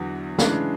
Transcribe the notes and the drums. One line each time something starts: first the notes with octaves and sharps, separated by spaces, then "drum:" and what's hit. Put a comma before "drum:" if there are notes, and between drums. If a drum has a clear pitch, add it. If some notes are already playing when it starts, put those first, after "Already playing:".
Already playing: E2 D3 F#3
C#3 E3 G#3 D4, drum: snare